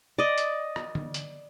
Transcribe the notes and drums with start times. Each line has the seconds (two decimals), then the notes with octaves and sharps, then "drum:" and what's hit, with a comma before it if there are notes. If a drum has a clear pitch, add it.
0.18 D5 D#5
0.38 drum: hi-hat
0.76 drum: rim click
0.95 drum: tom
1.14 drum: hi-hat